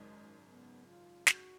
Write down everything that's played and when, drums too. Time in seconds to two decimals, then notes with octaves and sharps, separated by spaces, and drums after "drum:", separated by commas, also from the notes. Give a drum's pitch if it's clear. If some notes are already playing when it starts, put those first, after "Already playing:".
Already playing: G#1 F#2 C#3 G#3
0.45 B3
0.86 F4
1.27 F#4, drum: snare